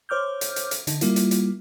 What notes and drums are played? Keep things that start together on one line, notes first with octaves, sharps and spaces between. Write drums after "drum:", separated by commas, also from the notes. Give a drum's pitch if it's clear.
C5 C#5 D6 F6 G6
drum: hi-hat
drum: hi-hat
drum: hi-hat
D3 D#4, drum: hi-hat
G3 A#3 E4 F4, drum: hi-hat
drum: hi-hat
drum: hi-hat